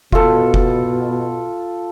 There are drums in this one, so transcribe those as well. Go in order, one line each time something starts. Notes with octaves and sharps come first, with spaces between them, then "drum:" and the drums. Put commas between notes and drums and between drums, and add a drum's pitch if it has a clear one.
B2 F4 A4, drum: kick F1
drum: kick F1